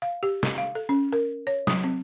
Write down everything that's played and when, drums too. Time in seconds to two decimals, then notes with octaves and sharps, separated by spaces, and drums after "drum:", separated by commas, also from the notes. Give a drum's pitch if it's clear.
0.02 F5
0.23 G4
0.43 drum: snare
0.58 F5
0.75 A4
0.89 C#4
1.13 A#4
1.47 C#5
1.67 F#3, drum: snare
1.84 C4